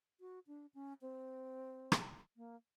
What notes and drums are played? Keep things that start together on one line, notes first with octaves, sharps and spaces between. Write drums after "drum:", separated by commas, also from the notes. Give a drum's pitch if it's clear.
F#4
D4
C#4
C4
drum: rim click
A#3